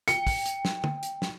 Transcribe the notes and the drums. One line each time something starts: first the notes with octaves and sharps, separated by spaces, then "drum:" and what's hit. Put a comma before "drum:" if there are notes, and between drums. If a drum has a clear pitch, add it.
G5 C#7, drum: hi-hat
drum: kick, open hi-hat
drum: hi-hat
drum: snare
drum: tom
drum: hi-hat
drum: snare